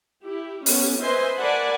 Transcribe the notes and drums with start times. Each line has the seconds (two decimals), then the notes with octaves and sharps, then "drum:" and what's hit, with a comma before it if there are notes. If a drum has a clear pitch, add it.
0.21 E4 G4
0.66 B3 C#4 G4 A4, drum: open hi-hat
1.00 B4 C5 D#5 E5 G#5 C6
1.37 A#4 D5 F#5 G#5 A5 B5